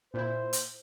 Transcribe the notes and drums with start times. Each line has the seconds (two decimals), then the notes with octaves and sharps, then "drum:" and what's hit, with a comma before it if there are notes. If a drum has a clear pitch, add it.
0.14 A#2 E4 C5
0.53 drum: hi-hat